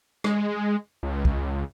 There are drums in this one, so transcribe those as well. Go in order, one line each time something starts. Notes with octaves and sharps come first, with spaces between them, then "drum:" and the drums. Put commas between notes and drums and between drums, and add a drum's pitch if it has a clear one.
G#3, drum: rim click
C#2
drum: kick